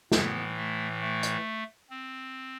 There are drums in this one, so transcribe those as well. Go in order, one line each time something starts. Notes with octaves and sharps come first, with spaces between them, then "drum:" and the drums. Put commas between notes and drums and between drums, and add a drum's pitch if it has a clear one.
A2 E3 B3, drum: snare
A3
A3
drum: hi-hat
C4